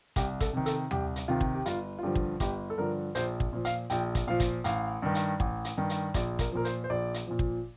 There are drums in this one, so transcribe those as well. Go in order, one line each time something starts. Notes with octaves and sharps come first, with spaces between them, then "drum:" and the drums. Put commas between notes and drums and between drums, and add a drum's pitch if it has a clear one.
C2 G4, drum: kick, hi-hat
A4, drum: kick, hi-hat
C3 D#3
A4, drum: hi-hat
C2 G4, drum: tom D#2
drum: hi-hat
C3 D#3 F4
drum: kick
G4
G1 F4, drum: hi-hat
F4
G2 D3 F3 G4
drum: kick
G1 G4, drum: kick, hi-hat
A4
G2 D3 F3 A#4
A#1 C5, drum: hi-hat
drum: kick
A#2 F3
F5, drum: hi-hat
A#1 G5, drum: hi-hat
drum: kick, hi-hat
A#2 F3 F5
drum: kick, hi-hat
A1 F5, drum: hi-hat
G2 D#3
drum: hi-hat
A1, drum: kick
drum: hi-hat
G2 D#3
drum: hi-hat
A#1 D5, drum: kick, hi-hat
A#4, drum: kick, hi-hat
A#2 F3 A#4
C5, drum: hi-hat
C5
A#1 D5
drum: hi-hat
A#2 F3
drum: kick